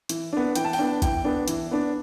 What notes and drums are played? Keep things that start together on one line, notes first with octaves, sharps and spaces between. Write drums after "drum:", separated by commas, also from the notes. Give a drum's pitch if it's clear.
E3, drum: hi-hat
B3 D4
E3 G5, drum: hi-hat
A5
G5, drum: open hi-hat
B3 D4
E3 G5, drum: kick A1, hi-hat
B3 D4
E3, drum: hi-hat
B3 D4